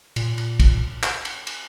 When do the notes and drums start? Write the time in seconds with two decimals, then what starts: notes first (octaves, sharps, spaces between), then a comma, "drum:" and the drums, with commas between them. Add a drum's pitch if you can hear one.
0.16 A#2, drum: cymbal
0.38 drum: cymbal
0.60 drum: kick, cymbal
1.03 drum: clap
1.25 drum: cymbal
1.47 drum: cymbal